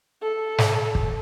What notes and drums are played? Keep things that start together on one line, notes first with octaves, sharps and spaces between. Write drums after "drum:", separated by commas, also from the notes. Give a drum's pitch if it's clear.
A4
drum: snare
drum: kick